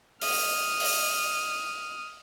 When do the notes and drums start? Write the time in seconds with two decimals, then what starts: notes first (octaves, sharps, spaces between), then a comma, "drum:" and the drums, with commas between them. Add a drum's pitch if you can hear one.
0.22 D#6 F6, drum: open hi-hat
0.80 drum: open hi-hat